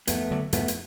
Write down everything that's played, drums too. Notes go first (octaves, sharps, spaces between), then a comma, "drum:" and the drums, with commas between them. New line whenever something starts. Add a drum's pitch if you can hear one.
F2 A3 B3, drum: hi-hat
D3 F#3
F2 A3 B3, drum: hi-hat
drum: hi-hat